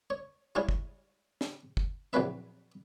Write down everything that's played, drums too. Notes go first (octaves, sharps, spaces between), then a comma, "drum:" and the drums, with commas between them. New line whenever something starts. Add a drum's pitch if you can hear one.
C#5
G3 G#3 E4 F4 C#5
drum: kick
drum: snare
drum: kick
A#1 E2 F#3 C4 B4 E5